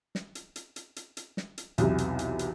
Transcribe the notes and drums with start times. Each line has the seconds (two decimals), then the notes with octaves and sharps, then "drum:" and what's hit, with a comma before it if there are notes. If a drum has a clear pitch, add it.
0.15 drum: snare
0.35 drum: hi-hat
0.56 drum: hi-hat
0.76 drum: hi-hat
0.96 drum: hi-hat
1.17 drum: hi-hat
1.37 drum: snare
1.58 drum: hi-hat
1.78 B1 E2 C3, drum: hi-hat
1.98 drum: hi-hat
2.19 drum: hi-hat
2.39 drum: hi-hat